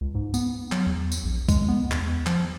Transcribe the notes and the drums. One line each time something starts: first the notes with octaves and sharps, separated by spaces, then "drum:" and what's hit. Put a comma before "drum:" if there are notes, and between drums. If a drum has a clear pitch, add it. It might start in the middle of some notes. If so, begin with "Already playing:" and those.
C#2
G#2
B3, drum: tambourine
F#3, drum: clap
E2
drum: tambourine
A#1
G#3, drum: kick C2, tambourine
B3
E2, drum: clap
F3, drum: clap